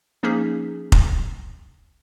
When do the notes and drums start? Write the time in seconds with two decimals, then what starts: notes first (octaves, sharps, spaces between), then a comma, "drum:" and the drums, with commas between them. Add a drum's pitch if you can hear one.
0.23 F3 A#3 C#4 D#4 G#4 B6
0.92 drum: kick F1